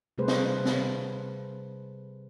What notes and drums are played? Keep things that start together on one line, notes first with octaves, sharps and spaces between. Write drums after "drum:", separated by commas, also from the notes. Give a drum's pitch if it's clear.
C3 G3 A3 G#4 B4 C5
drum: snare
drum: snare